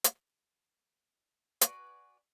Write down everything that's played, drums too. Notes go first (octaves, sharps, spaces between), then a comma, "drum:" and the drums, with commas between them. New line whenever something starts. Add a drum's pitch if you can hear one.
drum: hi-hat
F#4 G#4 B4 D5, drum: hi-hat